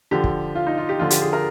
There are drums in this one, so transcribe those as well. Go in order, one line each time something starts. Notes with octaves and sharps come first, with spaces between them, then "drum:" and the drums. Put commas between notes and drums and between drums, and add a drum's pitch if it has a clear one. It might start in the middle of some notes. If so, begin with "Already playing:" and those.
D3 F3 G4
drum: kick
F4
D#4
F4
G4
D3 F3 F4
G4, drum: hi-hat
G#4
A#4